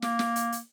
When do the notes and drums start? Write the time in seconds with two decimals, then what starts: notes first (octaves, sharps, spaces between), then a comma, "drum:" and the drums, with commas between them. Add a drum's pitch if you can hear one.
0.02 A#3, drum: snare
0.19 drum: snare
0.36 drum: hi-hat
0.52 drum: hi-hat